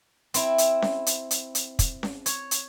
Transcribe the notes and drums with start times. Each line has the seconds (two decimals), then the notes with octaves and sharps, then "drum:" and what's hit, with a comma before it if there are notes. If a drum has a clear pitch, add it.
0.34 C4 E4, drum: hi-hat
0.58 drum: hi-hat
0.82 drum: snare C#4
1.06 drum: hi-hat
1.31 drum: hi-hat
1.55 drum: hi-hat
1.79 drum: kick, hi-hat
2.03 drum: snare C#4
2.26 C#5, drum: hi-hat
2.51 drum: hi-hat